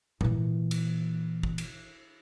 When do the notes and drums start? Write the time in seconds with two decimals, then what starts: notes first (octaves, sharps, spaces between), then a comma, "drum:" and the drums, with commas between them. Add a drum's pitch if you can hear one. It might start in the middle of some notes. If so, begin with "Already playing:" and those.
0.21 A#2 E3, drum: tom G#2
0.71 drum: cymbal
1.43 drum: kick
1.58 drum: cymbal